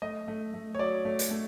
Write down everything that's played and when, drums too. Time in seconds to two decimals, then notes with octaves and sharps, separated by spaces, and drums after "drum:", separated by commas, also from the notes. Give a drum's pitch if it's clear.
0.02 A3 D#5
0.28 A3
0.54 A3
0.75 C#5
0.79 F#3 D5
1.05 A3
1.19 drum: hi-hat
1.31 A3